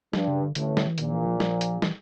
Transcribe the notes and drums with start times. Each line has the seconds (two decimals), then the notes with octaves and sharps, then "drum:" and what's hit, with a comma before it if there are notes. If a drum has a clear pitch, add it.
0.13 G2 F3, drum: snare
0.28 C#3
0.42 D3
0.55 A1 A2 D3, drum: hi-hat
0.77 drum: snare
0.87 E3
0.98 A#1 A#2 D#3, drum: hi-hat
1.13 E3
1.26 F3
1.40 F3, drum: snare
1.61 drum: hi-hat
1.82 E3, drum: snare